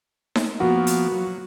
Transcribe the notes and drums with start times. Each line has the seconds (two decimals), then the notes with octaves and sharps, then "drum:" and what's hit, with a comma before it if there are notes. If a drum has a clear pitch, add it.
0.35 drum: snare D#4
0.60 F3 A#3 B3 F#4
0.87 drum: hi-hat
1.12 F#3